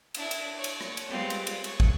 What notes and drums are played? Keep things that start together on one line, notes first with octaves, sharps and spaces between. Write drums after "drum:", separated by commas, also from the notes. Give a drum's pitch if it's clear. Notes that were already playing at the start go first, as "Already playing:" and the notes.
D4 E4, drum: cymbal
drum: cymbal
C#5 D5
drum: cymbal
drum: rim click
drum: cymbal
G3 G#3 B3 C4 F4 G4
drum: cymbal
drum: cymbal
C#6, drum: cymbal
drum: kick